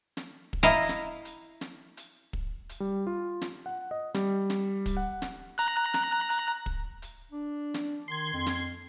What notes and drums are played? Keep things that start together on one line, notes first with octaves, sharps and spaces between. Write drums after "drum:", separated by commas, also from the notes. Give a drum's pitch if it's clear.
drum: snare
drum: kick
E4 D#5 F5 A#5
drum: snare
drum: hi-hat
drum: snare
drum: hi-hat
drum: kick
drum: hi-hat
G3
F4
drum: snare
F#5
D#5
G3, drum: snare
drum: snare
drum: kick, hi-hat
F#5
drum: snare
A#5 F#6, drum: hi-hat
drum: snare
drum: hi-hat
drum: kick
drum: hi-hat
D4
drum: snare
D#3 C6 G#6
F2
drum: snare